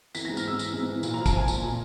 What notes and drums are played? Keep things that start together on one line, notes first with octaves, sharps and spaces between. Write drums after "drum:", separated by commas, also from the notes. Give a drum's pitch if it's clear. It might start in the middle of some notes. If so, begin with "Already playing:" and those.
E3 B6, drum: tambourine
G#2 A#6
F6, drum: tambourine
G#2 E6
E3, drum: tambourine
G#2
E3
A#2, drum: tambourine
F3 A#5
A5, drum: kick, tambourine
F3 G#5
A#2, drum: tambourine
A#2